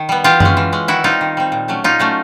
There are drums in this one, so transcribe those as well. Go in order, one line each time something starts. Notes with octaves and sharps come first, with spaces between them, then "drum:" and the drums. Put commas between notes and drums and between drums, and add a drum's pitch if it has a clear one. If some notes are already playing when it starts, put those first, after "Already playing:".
Already playing: D#3
G3 B3
E3 F4 G4
G#3 C#4, drum: tom F#2
E3
G#3 C#4
D#3 E4 F#4
G3 C4 D#4 F4
D#3
G3 C4
A#2
F#3 A3 C#4
A#2 D#4 F4
F#3 A3 C#4